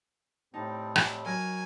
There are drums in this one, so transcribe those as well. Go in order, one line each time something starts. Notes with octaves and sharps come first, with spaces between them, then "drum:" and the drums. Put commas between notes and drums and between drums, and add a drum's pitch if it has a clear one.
A2 G3 C4 D#4 A5
drum: rim click
F#3 A#4 G#5 F6